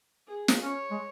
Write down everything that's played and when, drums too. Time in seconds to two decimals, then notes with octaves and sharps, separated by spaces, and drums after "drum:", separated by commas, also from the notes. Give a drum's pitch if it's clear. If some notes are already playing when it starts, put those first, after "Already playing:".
0.27 G#4
0.48 drum: snare
0.62 C#4 C#5
0.90 G#3